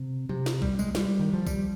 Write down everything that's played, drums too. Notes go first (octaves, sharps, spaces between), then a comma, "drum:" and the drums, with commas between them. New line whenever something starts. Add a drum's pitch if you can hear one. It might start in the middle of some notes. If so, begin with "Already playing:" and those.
Already playing: C3
C3, drum: tom F3
drum: snare
G3, drum: kick B1
G#3, drum: tambourine
G3, drum: snare
D#3
F3
G3, drum: kick B1, tambourine